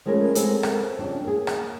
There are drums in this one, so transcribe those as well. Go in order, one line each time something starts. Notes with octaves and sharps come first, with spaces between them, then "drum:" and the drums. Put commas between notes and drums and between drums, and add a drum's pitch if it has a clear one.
F3 G#3 A3 C#4 A#4 B4
G#3 B3 C4 A4 A#4, drum: hi-hat
drum: rim click
F2 C#3 G3 D4
A#3 G#4
drum: rim click